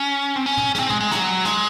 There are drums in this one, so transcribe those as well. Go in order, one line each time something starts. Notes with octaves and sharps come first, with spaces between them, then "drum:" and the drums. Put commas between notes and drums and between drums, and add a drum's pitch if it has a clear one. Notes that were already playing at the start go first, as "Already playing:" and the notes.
Already playing: C#4
C4
C#4
drum: tom
C#4, drum: snare
C4
G#3, drum: tom
G#3
F#3, drum: snare
G#3, drum: snare